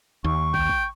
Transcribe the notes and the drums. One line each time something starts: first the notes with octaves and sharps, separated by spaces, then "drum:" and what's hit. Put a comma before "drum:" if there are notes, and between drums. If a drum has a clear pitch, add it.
D#2 C#6
G5, drum: kick
drum: kick